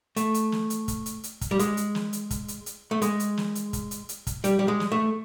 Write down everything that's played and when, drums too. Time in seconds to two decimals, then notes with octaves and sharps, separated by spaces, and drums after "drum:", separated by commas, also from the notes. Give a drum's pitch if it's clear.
0.16 A3, drum: hi-hat
0.34 drum: hi-hat
0.52 drum: snare
0.70 drum: hi-hat
0.88 drum: kick, hi-hat
1.06 drum: hi-hat
1.24 drum: hi-hat
1.41 drum: kick, hi-hat
1.51 G3
1.59 G#3, drum: hi-hat
1.77 drum: hi-hat
1.95 drum: snare
2.13 drum: hi-hat
2.31 drum: kick, hi-hat
2.48 drum: hi-hat
2.66 drum: hi-hat
2.91 A3
3.02 G#3, drum: hi-hat
3.20 drum: hi-hat
3.37 drum: snare
3.55 drum: hi-hat
3.73 drum: kick, hi-hat
3.91 drum: hi-hat
4.09 drum: hi-hat
4.27 drum: kick, hi-hat
4.44 G3, drum: hi-hat
4.59 G3
4.68 G#3
4.80 drum: snare
4.92 A3